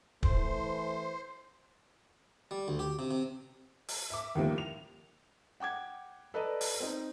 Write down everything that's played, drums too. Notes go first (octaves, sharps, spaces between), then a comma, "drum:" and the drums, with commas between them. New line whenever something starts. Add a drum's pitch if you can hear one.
E3 A3 C5, drum: kick
G3
D2
G4
C3
C3
drum: open hi-hat
E5 D6
D#2 A2 D#3 F3 G3 A#3
F7
F#5 G5 D6 G#6
A4 B4 D5 D#5 A#5
drum: open hi-hat
C4 D#4